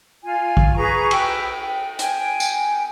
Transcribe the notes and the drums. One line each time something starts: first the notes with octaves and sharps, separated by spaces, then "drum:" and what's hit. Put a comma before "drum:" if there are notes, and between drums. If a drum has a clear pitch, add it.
F4 G#5
drum: kick
G#4 B4 A#5 C#6
B4 G5 E6, drum: cymbal
G5
G5 G#5, drum: hi-hat
drum: tambourine